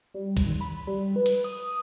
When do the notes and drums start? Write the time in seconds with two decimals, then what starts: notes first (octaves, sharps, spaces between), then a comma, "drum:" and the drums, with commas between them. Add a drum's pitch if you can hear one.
0.14 G3
0.37 drum: kick, cymbal
0.46 D#3
0.61 B5
0.87 G3
1.16 B4
1.26 drum: cymbal
1.44 D#6